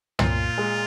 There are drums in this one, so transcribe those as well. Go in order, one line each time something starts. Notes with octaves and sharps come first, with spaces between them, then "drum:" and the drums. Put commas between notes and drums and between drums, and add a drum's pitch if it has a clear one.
A#2 F4, drum: tom
G#3